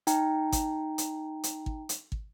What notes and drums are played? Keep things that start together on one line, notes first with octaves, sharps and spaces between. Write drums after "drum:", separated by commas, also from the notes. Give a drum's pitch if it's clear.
D#4 G5 A#5, drum: hi-hat
drum: kick, hi-hat
drum: hi-hat
drum: hi-hat
drum: kick
drum: hi-hat
drum: kick